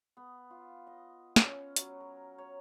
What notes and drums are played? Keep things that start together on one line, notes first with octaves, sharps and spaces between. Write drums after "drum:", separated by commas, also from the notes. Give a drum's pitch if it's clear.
B3
F4
D#5
C#4, drum: snare
F#3, drum: hi-hat
A#4
C#5